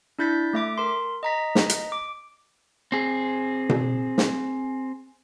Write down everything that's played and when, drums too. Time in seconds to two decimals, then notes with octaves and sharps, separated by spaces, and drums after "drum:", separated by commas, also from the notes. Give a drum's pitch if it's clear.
0.19 D4 E4 G6 A6 B6
0.53 A3 E5 D6
0.78 A#4 C6
1.23 D#5 A#5 B6
1.55 drum: snare
1.70 drum: hi-hat
1.92 D6
2.92 C4 G#4
3.69 drum: tom B2
4.18 drum: snare